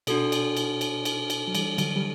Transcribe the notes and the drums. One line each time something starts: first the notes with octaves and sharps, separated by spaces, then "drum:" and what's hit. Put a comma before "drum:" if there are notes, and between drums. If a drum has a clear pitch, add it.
B2 D4 F#4 A4, drum: cymbal
drum: cymbal
drum: cymbal
drum: cymbal
drum: cymbal
drum: cymbal
F#3
E3 G3, drum: cymbal
D3 F#3, drum: cymbal
G3